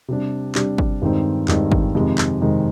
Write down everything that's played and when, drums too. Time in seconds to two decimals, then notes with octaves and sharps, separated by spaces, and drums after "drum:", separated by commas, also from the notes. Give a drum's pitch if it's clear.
0.08 C3 G3 D4
0.55 C3 G3 D4, drum: clap
0.78 drum: kick
1.02 G2 D#3 G#3 C4 D#4
1.48 G2 D#3 G#3 C4 D#4, drum: clap
1.72 drum: kick
1.94 F2 C3 D#3 G#3
2.18 drum: clap
2.41 F2 C3 D#3 G#3